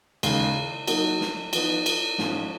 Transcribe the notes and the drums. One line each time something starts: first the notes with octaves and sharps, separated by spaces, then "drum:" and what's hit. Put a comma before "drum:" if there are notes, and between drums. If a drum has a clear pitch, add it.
D#2 C#3 G#3, drum: cymbal
F#3 A#3 D#4, drum: cymbal
drum: snare
F3 B3 D#4, drum: cymbal
drum: cymbal
G#2 F3 G#3 C#4, drum: snare